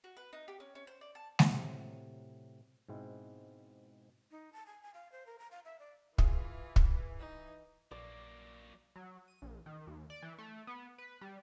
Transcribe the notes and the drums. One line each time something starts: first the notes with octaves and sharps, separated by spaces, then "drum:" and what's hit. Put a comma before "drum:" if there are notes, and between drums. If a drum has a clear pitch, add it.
F#4
B4
D#4
G4
C#4
C#4
C5
D5
A5
drum: snare G#3
A2 C3 F#3
G#2 B2 G#3 C4 E4
D#4
A5
G#5
G#5
F5
C5
A#4
A#5
F5
E5
D5
E3 E4 F4 G#4 D#6, drum: kick
drum: kick
D#4
A#1 F#3 A#3 D5
F#3
D#7
A#1
D#3
D#2
D5
E3
A3
B3
B4
G3